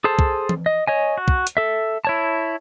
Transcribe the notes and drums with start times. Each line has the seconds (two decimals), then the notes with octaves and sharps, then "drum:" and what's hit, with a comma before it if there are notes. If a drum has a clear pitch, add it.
0.04 G#4 A4 C5 A5
0.19 drum: kick
0.49 drum: tom E3
0.66 D#5
0.87 C#5 D#5 G#5
1.18 F#4
1.28 drum: kick
1.47 drum: hi-hat
1.57 A4 E5
2.05 E4 C#5 A5